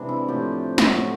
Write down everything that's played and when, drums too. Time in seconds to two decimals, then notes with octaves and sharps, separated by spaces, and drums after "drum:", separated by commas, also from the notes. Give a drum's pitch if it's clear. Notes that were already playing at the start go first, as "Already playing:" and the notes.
Already playing: C3 E3 G#3 D4
0.09 E4
0.28 A2 F3 A3 G4
0.78 drum: snare
0.89 A2 F#3 A3